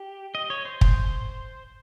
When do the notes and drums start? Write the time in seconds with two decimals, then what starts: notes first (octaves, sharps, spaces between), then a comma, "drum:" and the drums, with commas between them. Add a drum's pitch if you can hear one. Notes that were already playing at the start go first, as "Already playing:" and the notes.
Already playing: G4
0.35 D#5
0.50 C#5
0.65 C5
0.81 drum: kick